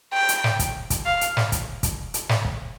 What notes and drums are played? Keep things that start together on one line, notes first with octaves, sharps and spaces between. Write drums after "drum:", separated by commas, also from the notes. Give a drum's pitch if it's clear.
G5
drum: hi-hat
drum: snare
drum: kick, hi-hat
drum: kick, hi-hat
F5
drum: hi-hat
drum: snare
drum: kick, hi-hat
drum: kick, hi-hat
drum: hi-hat
drum: snare
drum: kick